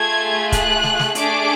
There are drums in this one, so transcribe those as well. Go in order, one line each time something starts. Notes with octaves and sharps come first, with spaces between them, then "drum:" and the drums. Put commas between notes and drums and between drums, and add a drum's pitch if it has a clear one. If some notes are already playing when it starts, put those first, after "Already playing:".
Already playing: A3 F4 G#4 G#6
F#6, drum: kick C#1, hi-hat
drum: snare
drum: snare
A3 D4 G#4 D6, drum: hi-hat